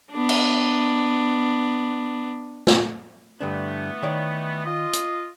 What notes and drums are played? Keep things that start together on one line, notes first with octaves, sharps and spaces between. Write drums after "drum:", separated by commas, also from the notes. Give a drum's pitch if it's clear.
B3 D4
drum: cymbal
drum: snare
G2 D3 E3 A3 B3 D4
D#3 C#5 D5
F4 D#5
drum: hi-hat